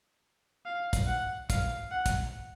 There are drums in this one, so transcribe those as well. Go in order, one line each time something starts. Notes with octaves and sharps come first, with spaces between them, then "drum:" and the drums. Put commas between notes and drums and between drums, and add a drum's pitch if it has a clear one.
F5
drum: kick, hi-hat
F#5
F5, drum: kick, hi-hat
F#5
drum: kick, hi-hat